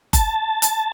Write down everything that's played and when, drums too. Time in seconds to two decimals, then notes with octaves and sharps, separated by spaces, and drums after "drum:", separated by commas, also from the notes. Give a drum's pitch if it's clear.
0.13 A5, drum: kick F#1, hi-hat
0.62 drum: hi-hat